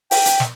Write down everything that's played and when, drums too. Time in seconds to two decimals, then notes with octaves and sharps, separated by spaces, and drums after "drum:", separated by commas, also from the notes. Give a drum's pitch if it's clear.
0.11 G5, drum: open hi-hat
0.25 drum: hi-hat
0.40 drum: snare